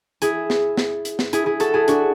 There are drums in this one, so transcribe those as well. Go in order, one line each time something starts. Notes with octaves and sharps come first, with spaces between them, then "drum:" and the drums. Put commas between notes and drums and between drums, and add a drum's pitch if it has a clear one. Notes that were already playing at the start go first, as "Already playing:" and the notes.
E4 G#4, drum: hi-hat
drum: snare
drum: snare
drum: hi-hat
drum: snare
E4 G#4, drum: hi-hat
E4 G#4
F#4 A4, drum: hi-hat
E4 G#4
D4 F#4, drum: hi-hat